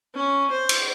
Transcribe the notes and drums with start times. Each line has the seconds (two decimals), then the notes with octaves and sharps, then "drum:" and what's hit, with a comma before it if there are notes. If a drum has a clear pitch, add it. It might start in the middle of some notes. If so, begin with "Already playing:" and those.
0.15 C#4
0.51 C5
0.69 drum: cymbal